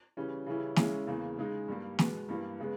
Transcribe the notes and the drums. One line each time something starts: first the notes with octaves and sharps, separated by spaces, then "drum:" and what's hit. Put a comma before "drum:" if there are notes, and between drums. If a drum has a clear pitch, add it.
C#3 E3 G3 C#4
C#3 E3 G3 C#4 E4
C#3 G#3 C#4 E4, drum: snare
E2 C#3 E3 A#3
C#3 G#3 D#4
G2 G3 A#3
B2 G#3 B3, drum: snare
G2 E3 G3 A#3
C#3 G#3 B3